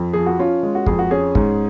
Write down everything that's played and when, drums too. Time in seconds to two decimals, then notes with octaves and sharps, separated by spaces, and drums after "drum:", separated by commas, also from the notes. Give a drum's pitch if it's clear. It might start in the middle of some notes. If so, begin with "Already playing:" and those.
Already playing: F2
0.13 F3 G#4
0.26 F#4
0.39 C#4 F4
0.63 G#3
0.75 F#4
0.86 F2 G#4, drum: kick
0.99 F#4
1.11 C#4 G#4
1.35 G#2, drum: kick